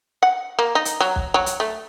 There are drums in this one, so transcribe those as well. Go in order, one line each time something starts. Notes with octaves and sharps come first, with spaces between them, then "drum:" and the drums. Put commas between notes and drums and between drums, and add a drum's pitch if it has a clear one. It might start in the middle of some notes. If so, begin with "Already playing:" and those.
F#5
A#3
D#4
drum: hi-hat
F#3
drum: kick
F#3
drum: hi-hat
A3